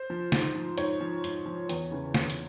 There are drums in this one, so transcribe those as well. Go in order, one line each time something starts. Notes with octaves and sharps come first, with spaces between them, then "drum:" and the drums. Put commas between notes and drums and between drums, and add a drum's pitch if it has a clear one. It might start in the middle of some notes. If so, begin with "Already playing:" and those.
Already playing: C5
F3
G#2, drum: snare
F3
G#2 C#5, drum: hi-hat
F3
G#2, drum: hi-hat
F3
E2, drum: hi-hat
C#3 E3
E2, drum: snare
drum: hi-hat